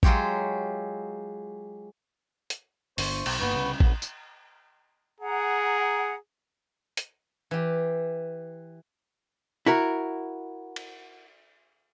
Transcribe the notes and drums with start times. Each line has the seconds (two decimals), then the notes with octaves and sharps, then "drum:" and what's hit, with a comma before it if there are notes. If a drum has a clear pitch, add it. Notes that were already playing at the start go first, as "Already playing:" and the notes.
0.03 F#3 G#3 F4 G4 C#5, drum: kick A1
2.50 drum: hi-hat
2.98 G1 D3 C5 C#6, drum: open hi-hat
3.26 B1, drum: cymbal
3.40 G1 G2 A#3 B3 B4 C#6
3.53 C2 C#3
3.80 A#1 C#3 B3, drum: kick A1
4.02 drum: tambourine
5.20 G#4 F#5 A#5
6.97 drum: hi-hat
7.51 E3 G4
9.66 E4 F#4 A#4
10.76 drum: cymbal